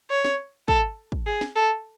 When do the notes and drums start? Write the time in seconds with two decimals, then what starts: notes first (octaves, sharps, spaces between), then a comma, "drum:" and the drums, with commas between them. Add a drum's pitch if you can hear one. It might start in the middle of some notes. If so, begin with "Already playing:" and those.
0.11 C#5
0.25 drum: snare
0.68 A4, drum: kick
1.12 drum: kick
1.27 G#4
1.41 drum: snare
1.56 A4